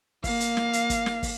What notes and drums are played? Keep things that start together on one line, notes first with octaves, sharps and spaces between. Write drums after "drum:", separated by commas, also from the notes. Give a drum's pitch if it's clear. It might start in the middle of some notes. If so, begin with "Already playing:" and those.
A#3 F5, drum: kick, open hi-hat
drum: hi-hat
drum: snare
drum: hi-hat
drum: kick, hi-hat
drum: snare
drum: kick, open hi-hat